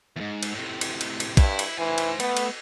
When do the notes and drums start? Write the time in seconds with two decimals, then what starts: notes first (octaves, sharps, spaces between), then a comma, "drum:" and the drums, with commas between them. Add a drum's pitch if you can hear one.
0.16 E2 G#2
0.43 drum: cymbal
0.55 A2 C3
0.81 drum: cymbal
1.01 drum: cymbal
1.20 drum: cymbal
1.37 G2 E4, drum: kick, cymbal
1.59 drum: cymbal
1.78 E3 C5 G#5
1.98 drum: cymbal
2.20 A3 B3, drum: cymbal
2.37 drum: cymbal